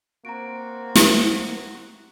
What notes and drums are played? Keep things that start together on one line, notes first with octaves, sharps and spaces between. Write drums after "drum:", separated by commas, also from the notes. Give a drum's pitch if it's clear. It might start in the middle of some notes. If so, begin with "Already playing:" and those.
A#3 C4 F#4 A#5 D7
drum: snare